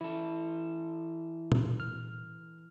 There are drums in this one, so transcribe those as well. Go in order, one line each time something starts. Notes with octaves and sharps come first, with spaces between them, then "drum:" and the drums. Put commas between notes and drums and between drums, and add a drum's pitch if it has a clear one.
E3 E4 A4
drum: tom A#2
F6